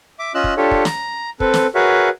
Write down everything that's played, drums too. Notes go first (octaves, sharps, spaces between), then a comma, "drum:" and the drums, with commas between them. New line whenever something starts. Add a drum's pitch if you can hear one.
E5 D6
C#4 F4 D#5 E6 F#6
drum: kick
D4 F4 G4 A4 C#5
drum: kick
A#5, drum: snare
C4 A4 B4, drum: kick
drum: snare
F#4 G#4 A#4 B4 C#5 E5